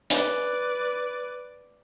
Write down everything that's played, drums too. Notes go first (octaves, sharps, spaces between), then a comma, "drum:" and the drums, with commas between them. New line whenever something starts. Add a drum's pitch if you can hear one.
B4 D5, drum: hi-hat